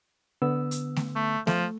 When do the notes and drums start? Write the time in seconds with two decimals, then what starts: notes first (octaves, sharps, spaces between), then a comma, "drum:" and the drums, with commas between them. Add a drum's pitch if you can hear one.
0.42 D3 B3 E6
0.71 drum: hi-hat
0.96 drum: snare A3
1.16 A3
1.47 F3 A3, drum: snare A3